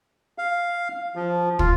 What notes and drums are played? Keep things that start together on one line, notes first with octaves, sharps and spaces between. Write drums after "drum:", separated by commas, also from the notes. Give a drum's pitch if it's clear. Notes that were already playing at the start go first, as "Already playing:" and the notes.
F5
F3
F4, drum: kick